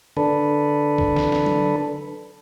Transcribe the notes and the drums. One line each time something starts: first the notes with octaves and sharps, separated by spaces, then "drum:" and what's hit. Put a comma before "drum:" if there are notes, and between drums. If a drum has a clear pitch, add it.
D3 D4 A4 B4, drum: tom D3
drum: kick
drum: snare
drum: snare
drum: tom F#3